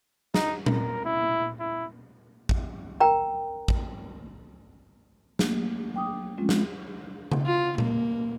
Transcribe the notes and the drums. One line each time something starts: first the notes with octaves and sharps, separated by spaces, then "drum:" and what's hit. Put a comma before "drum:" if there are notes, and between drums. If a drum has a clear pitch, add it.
D#4, drum: snare
A#4, drum: tom A#2
E4
E4
drum: kick
A#4 G5 A#5
drum: kick
F#3 A3 A#3, drum: snare
G5 D6 D#6
F3 G#3 C4 C#4 F4
drum: snare
drum: tom C#3
F4
A#3, drum: tom A#2